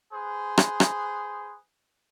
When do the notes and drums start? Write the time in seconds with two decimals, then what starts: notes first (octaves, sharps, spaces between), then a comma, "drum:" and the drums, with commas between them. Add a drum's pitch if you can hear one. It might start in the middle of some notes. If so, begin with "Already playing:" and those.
0.13 G#4 B4 C5
0.58 drum: rim click
0.80 drum: rim click